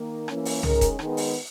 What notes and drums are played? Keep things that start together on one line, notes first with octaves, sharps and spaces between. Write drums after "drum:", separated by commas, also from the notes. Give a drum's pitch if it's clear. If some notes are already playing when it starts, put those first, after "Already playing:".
Already playing: D#3 A#3
E3 A#3 C#4, drum: rim click
drum: open hi-hat
D#3 G#3 C#4 A#4, drum: tom C2
drum: kick E1, hi-hat
D#3 G#3 B3, drum: rim click
drum: open hi-hat